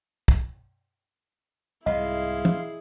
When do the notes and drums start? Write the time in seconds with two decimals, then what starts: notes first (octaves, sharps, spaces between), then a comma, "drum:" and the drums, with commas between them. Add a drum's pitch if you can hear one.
0.28 drum: kick
1.86 C2 G#2 E4 G#4 D#5 F5 C6
2.45 drum: tom E3